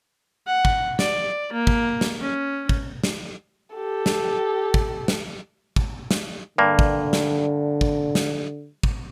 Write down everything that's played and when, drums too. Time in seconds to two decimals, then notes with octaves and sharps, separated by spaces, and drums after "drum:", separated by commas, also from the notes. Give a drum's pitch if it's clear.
0.47 F#5
0.65 drum: kick
0.99 D5, drum: snare
1.53 A#3
1.67 drum: kick
2.01 drum: snare
2.21 C#4
2.69 drum: kick
3.04 drum: snare
3.76 G4 A4
4.06 drum: snare
4.74 drum: kick
5.08 drum: snare
5.76 drum: kick
6.11 drum: snare
6.58 G2 D3 A#3
6.79 drum: kick
7.13 drum: snare
7.81 drum: kick
8.15 drum: snare
8.83 drum: kick